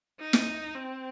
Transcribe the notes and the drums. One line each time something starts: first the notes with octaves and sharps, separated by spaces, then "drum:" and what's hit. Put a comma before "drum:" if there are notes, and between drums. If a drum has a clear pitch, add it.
D#4
drum: snare
C4